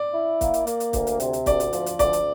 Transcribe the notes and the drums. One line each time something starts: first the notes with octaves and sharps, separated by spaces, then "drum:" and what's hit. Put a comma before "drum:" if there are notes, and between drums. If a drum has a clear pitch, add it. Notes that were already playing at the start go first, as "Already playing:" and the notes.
Already playing: D5
E4
A#3, drum: kick, hi-hat
drum: hi-hat
A#3, drum: hi-hat
drum: hi-hat
D2, drum: kick, hi-hat
drum: hi-hat
C3, drum: hi-hat
drum: hi-hat
D2 D5, drum: kick, hi-hat
drum: hi-hat
F3, drum: hi-hat
drum: hi-hat
D2 D5, drum: kick, hi-hat
drum: hi-hat